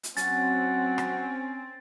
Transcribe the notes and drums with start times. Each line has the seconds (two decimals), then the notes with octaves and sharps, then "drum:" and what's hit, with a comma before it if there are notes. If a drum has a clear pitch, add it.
0.03 drum: hi-hat
0.17 F#3 C4 C#4 F#5 A6, drum: hi-hat
0.98 drum: rim click